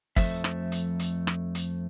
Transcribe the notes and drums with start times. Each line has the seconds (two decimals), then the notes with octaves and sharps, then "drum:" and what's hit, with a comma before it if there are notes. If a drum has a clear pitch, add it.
0.16 F2 F3 A3 E5, drum: kick, open hi-hat
0.44 drum: rim click
0.72 drum: hi-hat
0.99 drum: hi-hat
1.27 drum: rim click
1.55 drum: hi-hat